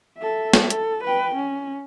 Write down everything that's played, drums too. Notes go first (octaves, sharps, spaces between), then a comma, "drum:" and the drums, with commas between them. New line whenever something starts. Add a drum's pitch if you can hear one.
A4 E5
drum: snare
A4, drum: hi-hat
B4 G5
C#4